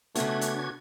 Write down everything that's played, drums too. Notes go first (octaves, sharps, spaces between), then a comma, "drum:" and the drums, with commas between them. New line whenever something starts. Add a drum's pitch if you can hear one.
C#3 A3 B3 D4 F#4 G#6, drum: hi-hat
drum: hi-hat